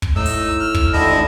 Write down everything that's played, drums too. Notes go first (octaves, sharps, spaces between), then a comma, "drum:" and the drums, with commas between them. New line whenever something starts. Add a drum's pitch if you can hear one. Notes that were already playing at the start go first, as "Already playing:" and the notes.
drum: kick
A2 D#4 E6
drum: open hi-hat
F6
drum: kick
G#1 D3 E4 G4 A4 D#5